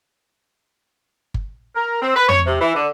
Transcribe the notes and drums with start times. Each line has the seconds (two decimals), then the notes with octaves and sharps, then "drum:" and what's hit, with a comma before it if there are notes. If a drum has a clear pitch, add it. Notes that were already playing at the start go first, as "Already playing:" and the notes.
1.34 drum: kick G1
1.76 A#4
2.02 C4
2.15 B4
2.29 C#5, drum: tom
2.46 C3
2.61 E3
2.75 D3